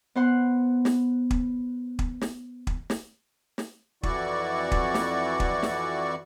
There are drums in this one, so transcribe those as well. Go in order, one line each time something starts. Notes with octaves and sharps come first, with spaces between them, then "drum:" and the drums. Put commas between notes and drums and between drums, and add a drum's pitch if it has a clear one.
B3 C5 F#5 C6
drum: snare
drum: kick
drum: kick
drum: snare
drum: kick
drum: snare
drum: snare
F2 E3 E4 F#4 D5 C#6, drum: kick
drum: kick
drum: snare
drum: kick
drum: snare